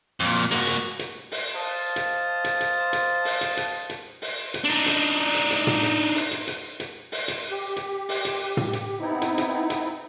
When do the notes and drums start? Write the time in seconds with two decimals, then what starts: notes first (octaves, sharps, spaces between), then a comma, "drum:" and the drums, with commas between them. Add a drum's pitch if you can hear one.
0.20 F2 A#2
0.51 A#3 F#4, drum: hi-hat
0.67 drum: hi-hat
0.99 drum: hi-hat
1.32 drum: open hi-hat
1.55 C5 D#5 F5 A5
1.96 drum: hi-hat
2.44 drum: hi-hat
2.61 drum: hi-hat
2.93 drum: hi-hat
3.25 drum: open hi-hat
3.41 drum: hi-hat
3.57 drum: hi-hat
3.90 drum: hi-hat
4.22 drum: open hi-hat
4.54 drum: hi-hat
4.64 D4 D#4
4.86 drum: hi-hat
5.35 drum: hi-hat
5.51 drum: hi-hat
5.67 drum: tom
5.83 drum: hi-hat
6.15 drum: open hi-hat
6.31 drum: hi-hat
6.47 drum: hi-hat
6.80 drum: hi-hat
7.12 drum: open hi-hat
7.28 drum: hi-hat
7.50 G4
7.76 drum: hi-hat
8.09 drum: open hi-hat
8.25 drum: hi-hat
8.57 drum: tom
8.73 drum: hi-hat
9.00 B3 C4 D#4 E4
9.22 drum: hi-hat
9.38 drum: hi-hat
9.70 drum: hi-hat